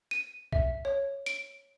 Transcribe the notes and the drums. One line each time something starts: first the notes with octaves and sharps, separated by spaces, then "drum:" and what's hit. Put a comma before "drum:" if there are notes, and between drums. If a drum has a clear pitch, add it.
D#7
E5, drum: kick B1
C#5
D7, drum: hi-hat